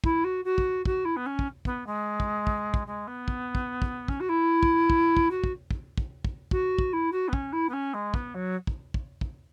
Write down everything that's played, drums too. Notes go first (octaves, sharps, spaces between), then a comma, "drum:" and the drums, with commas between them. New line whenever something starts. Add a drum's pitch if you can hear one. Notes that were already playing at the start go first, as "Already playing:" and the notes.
E4, drum: kick
F#4
F#4
drum: kick
F#4, drum: kick
E4
B3
C#4
drum: kick
B3, drum: kick
G#3
drum: kick
drum: kick
drum: kick
G#3
B3
drum: kick
drum: kick
drum: kick
C#4, drum: kick
F#4
E4
drum: kick
drum: kick
drum: kick
F#4
drum: kick
drum: kick
drum: kick
drum: kick
F#4, drum: kick
drum: kick
E4
F#4
B3
C#4, drum: kick
E4
B3
C#4
G#3
B3, drum: kick
F#3
drum: kick
drum: kick
drum: kick